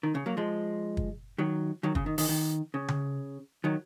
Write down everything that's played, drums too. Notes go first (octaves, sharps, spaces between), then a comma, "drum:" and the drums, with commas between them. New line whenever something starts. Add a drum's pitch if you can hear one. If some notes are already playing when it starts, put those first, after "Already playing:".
D#3
C#3
F#3 A#3
F3 G#3
drum: kick
D#3 F#3
D#3 F#3
C#3, drum: kick
D#3
D#3, drum: open hi-hat
D#3
C#3
drum: tom C#3
D#3 F#3